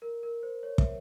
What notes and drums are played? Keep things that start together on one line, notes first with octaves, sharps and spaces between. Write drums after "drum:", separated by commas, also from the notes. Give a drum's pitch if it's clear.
A#4
A#4
C5
C#5
E5, drum: kick